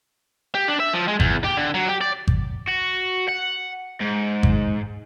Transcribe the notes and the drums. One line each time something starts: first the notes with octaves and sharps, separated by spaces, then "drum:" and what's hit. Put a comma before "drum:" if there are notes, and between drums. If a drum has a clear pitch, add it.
G4
D4
E5
F3
G#3
E2, drum: kick G#1
G4
D3
F#3
G4
D5
drum: kick G#1
F#4
F#5
G#2
drum: kick G#1